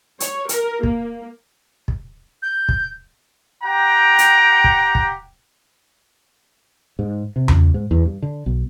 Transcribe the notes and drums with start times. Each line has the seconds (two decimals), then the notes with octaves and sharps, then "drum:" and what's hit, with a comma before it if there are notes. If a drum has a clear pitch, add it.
0.20 C#5, drum: hi-hat
0.49 A#4, drum: hi-hat
0.83 A#3, drum: kick
1.88 drum: kick
2.42 G6
2.69 drum: kick
3.63 G4 F#5 G5 A#5
4.18 drum: hi-hat
4.64 drum: kick
4.95 drum: kick
6.99 G#2
7.36 C3
7.48 C#2, drum: tom E2
7.74 G#2
7.91 E2
8.05 G2
8.22 D3
8.46 B1